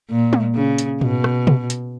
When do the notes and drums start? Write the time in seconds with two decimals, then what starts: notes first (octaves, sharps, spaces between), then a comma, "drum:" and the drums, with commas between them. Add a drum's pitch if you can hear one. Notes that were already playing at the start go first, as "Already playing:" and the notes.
0.10 A#2
0.33 drum: tom
0.55 C#3
0.78 drum: hi-hat
1.01 B2, drum: tom
1.24 drum: rim click
1.47 drum: tom
1.70 drum: hi-hat